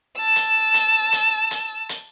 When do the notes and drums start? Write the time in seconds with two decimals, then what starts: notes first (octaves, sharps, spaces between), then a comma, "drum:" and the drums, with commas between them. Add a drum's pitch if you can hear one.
0.17 A5 E6
0.36 drum: hi-hat
0.74 drum: hi-hat
1.13 drum: hi-hat
1.51 drum: hi-hat
1.89 drum: hi-hat